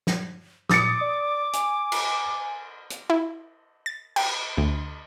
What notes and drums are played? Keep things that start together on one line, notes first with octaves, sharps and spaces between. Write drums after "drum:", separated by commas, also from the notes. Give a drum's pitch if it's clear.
drum: snare
A#2 D6 D#6 A6 C#7, drum: snare
D5
G#5, drum: hi-hat
drum: cymbal
drum: hi-hat
E4
A6
G5, drum: cymbal
D2